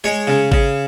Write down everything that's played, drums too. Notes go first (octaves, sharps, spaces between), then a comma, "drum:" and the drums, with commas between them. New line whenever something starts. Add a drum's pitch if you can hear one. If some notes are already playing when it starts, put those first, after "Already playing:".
G#3 C#5
C#3
C#3, drum: kick G#1